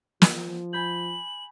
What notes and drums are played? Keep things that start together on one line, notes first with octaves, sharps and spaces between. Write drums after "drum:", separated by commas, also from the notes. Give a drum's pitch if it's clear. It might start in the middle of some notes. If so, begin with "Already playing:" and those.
F3, drum: snare
G#5 B5 G6 F#7